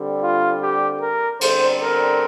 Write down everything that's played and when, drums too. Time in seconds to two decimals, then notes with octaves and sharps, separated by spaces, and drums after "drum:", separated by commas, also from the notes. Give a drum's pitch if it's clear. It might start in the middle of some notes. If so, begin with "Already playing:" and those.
Already playing: D3 G3 C4
0.23 F4
0.61 G4
1.02 A#4
1.41 D3 G3 C4 C5, drum: cymbal
1.81 A#4